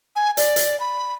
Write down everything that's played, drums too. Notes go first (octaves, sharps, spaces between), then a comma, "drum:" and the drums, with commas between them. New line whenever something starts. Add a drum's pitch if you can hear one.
G#5
D5, drum: hi-hat
drum: hi-hat
B5